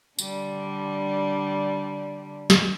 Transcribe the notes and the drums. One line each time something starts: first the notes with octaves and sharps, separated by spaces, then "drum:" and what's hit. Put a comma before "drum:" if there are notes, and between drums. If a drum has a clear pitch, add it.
D3 G3 D4, drum: tambourine
drum: snare